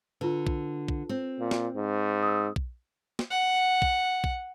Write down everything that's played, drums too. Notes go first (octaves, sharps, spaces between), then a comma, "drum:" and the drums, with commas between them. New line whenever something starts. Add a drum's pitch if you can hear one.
D3 F4 B4
drum: kick
drum: kick
C4
A#2
drum: snare
G#2
D#6 E6
drum: kick
drum: snare
F#5
drum: kick
drum: kick